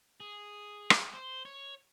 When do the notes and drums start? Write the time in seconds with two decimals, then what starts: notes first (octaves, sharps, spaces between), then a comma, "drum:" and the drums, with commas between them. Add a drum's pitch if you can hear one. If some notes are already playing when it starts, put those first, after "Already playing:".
0.20 G#4
0.90 drum: rim click
1.14 C5
1.45 C#5